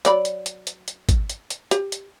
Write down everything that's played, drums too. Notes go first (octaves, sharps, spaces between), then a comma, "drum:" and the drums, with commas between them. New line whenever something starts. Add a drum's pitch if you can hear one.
F#3 D5 B5, drum: hi-hat
drum: hi-hat
drum: hi-hat
drum: hi-hat
drum: hi-hat
drum: kick, hi-hat
drum: hi-hat
drum: hi-hat
G4, drum: hi-hat
drum: hi-hat